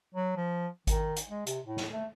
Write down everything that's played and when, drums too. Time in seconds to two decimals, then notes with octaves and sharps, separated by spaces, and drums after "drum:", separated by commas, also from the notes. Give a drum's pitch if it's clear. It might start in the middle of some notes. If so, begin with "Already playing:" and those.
0.15 F#3
0.37 F3
0.87 D#3, drum: kick G#1, hi-hat
1.16 drum: hi-hat
1.29 G#3
1.47 C3, drum: hi-hat
1.66 A2
1.77 drum: snare
1.93 A3